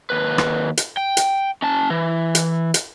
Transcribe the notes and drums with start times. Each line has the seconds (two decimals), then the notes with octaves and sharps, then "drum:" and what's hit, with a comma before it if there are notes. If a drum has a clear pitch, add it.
0.10 D#2 B4
0.38 drum: rim click
0.77 drum: hi-hat
0.97 G5
1.17 drum: hi-hat
1.62 C#4 A5
1.90 E3
2.35 drum: hi-hat
2.74 drum: hi-hat